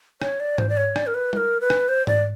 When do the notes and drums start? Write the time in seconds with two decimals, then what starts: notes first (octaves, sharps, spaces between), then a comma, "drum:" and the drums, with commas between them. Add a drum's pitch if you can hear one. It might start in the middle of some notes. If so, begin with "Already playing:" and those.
0.22 C#5, drum: rim click
0.40 D5
0.58 C5, drum: tom G#2
0.69 D5
0.77 C#5
0.96 D5, drum: rim click
1.07 A#4
1.14 B4
1.33 B4, drum: tom G3
1.37 A#4
1.61 B4
1.70 drum: rim click
1.89 C5
2.07 D5, drum: tom G#2